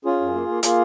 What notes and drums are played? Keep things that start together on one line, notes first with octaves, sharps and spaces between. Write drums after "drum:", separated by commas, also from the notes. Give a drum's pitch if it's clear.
C#4 F4 G#4
F#2
A#3
A#3
A#3 F4 G#4, drum: hi-hat